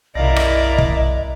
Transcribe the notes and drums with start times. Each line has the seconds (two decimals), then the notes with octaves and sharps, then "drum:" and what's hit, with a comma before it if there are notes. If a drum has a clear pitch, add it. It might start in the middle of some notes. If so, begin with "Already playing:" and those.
0.15 F#1 B1 E4 A#4 D5 D#5 F5 A#6
0.36 drum: rim click
0.78 drum: kick